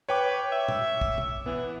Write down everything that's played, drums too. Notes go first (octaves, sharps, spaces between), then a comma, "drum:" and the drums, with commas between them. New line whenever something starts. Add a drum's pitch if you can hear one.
B4 C#5 G5 D6
E5
drum: tom
drum: kick
drum: tom
E3 B3